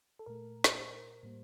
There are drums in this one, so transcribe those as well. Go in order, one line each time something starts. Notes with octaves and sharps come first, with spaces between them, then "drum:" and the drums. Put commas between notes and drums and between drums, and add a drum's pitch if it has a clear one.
A4
A#2 A3 A#4
drum: snare
C5
A2 G3 A#3